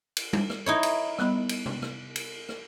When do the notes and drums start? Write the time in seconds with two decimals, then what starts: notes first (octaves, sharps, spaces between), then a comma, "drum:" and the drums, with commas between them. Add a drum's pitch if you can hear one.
0.17 drum: cymbal
0.33 drum: tom G3
0.50 drum: rim click
0.66 D#4 E4 C#5
0.83 drum: cymbal
1.18 G3 B3 B5, drum: rim click
1.49 drum: cymbal
1.66 drum: tom
1.82 drum: rim click
2.16 drum: cymbal
2.49 drum: rim click